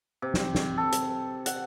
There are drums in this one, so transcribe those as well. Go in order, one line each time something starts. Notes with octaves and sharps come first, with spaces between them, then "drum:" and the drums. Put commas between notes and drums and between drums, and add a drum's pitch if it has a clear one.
C3
drum: snare
drum: snare
A4
drum: hi-hat
F#5, drum: hi-hat